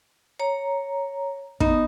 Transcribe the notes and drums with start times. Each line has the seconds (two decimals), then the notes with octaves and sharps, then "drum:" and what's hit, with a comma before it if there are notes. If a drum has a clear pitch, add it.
0.40 C#5 A#5
1.60 B3 D#4 D#6, drum: kick